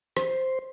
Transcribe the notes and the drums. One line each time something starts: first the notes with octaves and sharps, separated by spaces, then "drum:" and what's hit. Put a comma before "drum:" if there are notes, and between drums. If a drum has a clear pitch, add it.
C5, drum: rim click